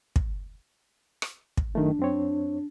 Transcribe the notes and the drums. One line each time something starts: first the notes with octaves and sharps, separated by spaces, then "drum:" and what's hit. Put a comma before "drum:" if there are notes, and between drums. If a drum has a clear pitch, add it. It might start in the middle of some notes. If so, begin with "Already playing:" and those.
drum: kick
drum: rim click
drum: kick
F#2 D#3 A3 D4
F#2 C4 C#5